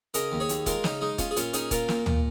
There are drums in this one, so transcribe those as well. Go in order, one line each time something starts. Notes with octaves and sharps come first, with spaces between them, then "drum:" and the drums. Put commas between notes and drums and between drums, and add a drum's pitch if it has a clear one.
C#3 A#4 D#5, drum: hi-hat
D#2
G#4 C#5
D#2, drum: hi-hat
G#3 F4 A#4, drum: kick E1, hi-hat
C#3 D#4, drum: snare
G#3 D#4
C#4 F4, drum: kick E1, hi-hat
G#4
A#2 C#4 F4, drum: hi-hat
C#4 D#4 G#4, drum: hi-hat
A#2 F4 A#4, drum: kick E1, hi-hat
A#2, drum: snare
A#2, drum: tom